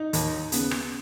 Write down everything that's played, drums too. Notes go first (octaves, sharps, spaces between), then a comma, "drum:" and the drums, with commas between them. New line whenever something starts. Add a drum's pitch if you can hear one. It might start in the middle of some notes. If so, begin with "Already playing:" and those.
Already playing: D#4
D#2, drum: hi-hat
C#3 B3, drum: hi-hat
drum: rim click